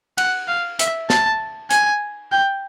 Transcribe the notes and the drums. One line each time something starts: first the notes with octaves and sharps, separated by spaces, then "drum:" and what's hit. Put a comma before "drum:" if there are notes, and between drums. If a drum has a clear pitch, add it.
F#5, drum: cymbal
F5
E5, drum: hi-hat
A5, drum: snare
G#5, drum: hi-hat
G5